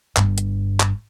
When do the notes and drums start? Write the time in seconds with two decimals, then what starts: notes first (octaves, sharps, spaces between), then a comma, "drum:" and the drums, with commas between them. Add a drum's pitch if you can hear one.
0.16 G1 G2, drum: clap
0.38 drum: hi-hat
0.80 drum: clap